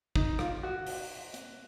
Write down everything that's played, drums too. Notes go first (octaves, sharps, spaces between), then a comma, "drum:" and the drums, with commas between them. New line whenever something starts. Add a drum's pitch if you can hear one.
D#4, drum: kick
F4, drum: rim click
F#4
drum: open hi-hat
drum: hi-hat